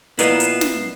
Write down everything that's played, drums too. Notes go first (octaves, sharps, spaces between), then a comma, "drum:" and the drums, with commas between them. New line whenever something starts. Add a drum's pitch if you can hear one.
A#2 B3 E4 A#4 D#5 C7 E7, drum: hi-hat
drum: hi-hat
drum: snare